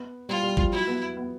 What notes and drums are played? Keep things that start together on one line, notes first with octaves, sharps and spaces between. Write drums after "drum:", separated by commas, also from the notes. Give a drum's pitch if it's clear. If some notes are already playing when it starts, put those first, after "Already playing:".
Already playing: B3
G3 F4
G3
F3, drum: kick
F#3 E4
B3
B3